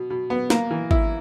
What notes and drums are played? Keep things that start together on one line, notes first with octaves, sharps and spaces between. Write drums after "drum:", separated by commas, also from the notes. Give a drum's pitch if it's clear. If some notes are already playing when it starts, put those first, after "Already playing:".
Already playing: B2
B2
B3
A#3, drum: snare
E3
E4, drum: kick G#1